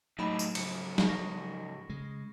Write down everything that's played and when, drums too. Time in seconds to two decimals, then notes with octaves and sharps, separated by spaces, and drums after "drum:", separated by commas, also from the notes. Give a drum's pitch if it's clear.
0.19 A2 F#3 D#4 B5 D7 E7
0.39 drum: tambourine
0.55 C#2 G#2 C#7, drum: cymbal
0.98 drum: snare
1.07 C#6 A#6
1.89 C#3 G#3